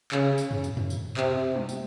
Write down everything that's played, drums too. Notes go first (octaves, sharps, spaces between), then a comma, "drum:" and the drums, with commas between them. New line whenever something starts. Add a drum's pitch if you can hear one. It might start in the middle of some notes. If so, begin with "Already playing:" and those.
C#3, drum: clap
drum: tambourine
drum: tom
drum: tambourine
drum: tom
drum: tambourine
C3, drum: clap
drum: tom
drum: tambourine